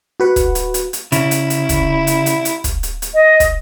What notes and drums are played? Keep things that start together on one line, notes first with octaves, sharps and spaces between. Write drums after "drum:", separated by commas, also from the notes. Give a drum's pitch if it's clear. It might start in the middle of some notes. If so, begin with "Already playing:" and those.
F#4 B4 F#5
drum: kick, hi-hat
drum: hi-hat
drum: hi-hat
drum: hi-hat
C#3 E4, drum: hi-hat
drum: hi-hat
drum: hi-hat
drum: kick, hi-hat
drum: hi-hat
drum: hi-hat
drum: hi-hat
drum: kick, hi-hat
drum: hi-hat
drum: hi-hat
D#5
drum: kick, hi-hat